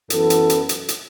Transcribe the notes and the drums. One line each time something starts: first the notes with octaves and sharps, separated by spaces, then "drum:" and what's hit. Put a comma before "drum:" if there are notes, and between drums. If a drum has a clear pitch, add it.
F#2 E3 B3 A4, drum: hi-hat
drum: hi-hat
drum: hi-hat
drum: hi-hat
drum: hi-hat